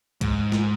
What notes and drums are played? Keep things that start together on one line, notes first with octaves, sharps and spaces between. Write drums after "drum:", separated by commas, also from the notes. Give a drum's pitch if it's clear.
G#2, drum: kick C2, hi-hat
drum: snare